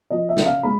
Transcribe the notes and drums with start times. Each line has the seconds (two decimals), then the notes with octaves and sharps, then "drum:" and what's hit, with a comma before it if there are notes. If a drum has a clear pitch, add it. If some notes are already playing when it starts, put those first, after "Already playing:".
0.10 F3 D#5
0.29 E5
0.37 C#3, drum: snare
0.46 F5
0.63 G#3 B5